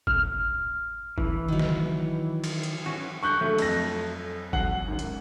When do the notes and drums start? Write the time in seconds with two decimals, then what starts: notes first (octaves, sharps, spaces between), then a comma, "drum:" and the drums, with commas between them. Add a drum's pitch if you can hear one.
0.07 F6, drum: kick G1
1.18 E3, drum: kick G1
1.48 D#3 F#3
1.59 drum: snare
2.44 drum: cymbal
2.63 drum: hi-hat
2.86 E3 C#4 F#4
3.23 D3 C#6 F#6 G6
3.41 F#3 A3 A4
3.58 F2 A#6, drum: cymbal
4.53 F#3 F#5 C7, drum: kick G1
4.88 G#1 F#2
4.99 drum: hi-hat